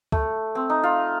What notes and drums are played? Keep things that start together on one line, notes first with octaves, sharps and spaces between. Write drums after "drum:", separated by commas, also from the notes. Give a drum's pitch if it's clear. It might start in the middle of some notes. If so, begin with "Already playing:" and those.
A3, drum: kick
C4
D#4
F4